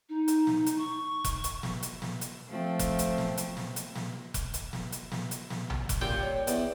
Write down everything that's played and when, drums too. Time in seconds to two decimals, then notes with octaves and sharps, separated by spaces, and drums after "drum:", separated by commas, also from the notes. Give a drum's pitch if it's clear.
0.09 D#4
0.28 drum: hi-hat
0.47 drum: snare
0.66 drum: hi-hat
0.78 C#6
1.24 drum: kick F1, hi-hat
1.44 drum: hi-hat
1.63 drum: snare
1.83 drum: hi-hat
2.02 drum: snare
2.21 drum: hi-hat
2.49 F3 A3 C4
2.79 drum: kick F1, hi-hat
2.99 drum: hi-hat
3.18 drum: snare
3.37 drum: hi-hat
3.57 drum: snare
3.76 drum: hi-hat
3.96 drum: snare
4.34 drum: kick F1, hi-hat
4.54 drum: hi-hat
4.73 drum: snare
4.92 drum: hi-hat
5.12 drum: snare
5.31 drum: hi-hat
5.50 drum: snare
5.70 drum: tom A#1
5.89 drum: kick F1, hi-hat
6.01 A#2 G3 G5
6.23 C#5
6.47 E2 D5, drum: hi-hat